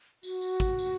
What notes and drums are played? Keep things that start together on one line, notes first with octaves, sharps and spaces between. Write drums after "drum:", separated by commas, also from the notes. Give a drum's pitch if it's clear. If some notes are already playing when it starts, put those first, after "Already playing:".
F#4, drum: tambourine
drum: tambourine
drum: kick, tambourine
drum: tambourine